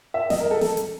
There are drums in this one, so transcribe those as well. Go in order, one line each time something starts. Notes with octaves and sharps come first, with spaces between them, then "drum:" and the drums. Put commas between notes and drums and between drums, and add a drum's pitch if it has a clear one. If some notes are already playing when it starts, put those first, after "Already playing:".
E5
D#5, drum: snare
A#4
A4
drum: snare
drum: hi-hat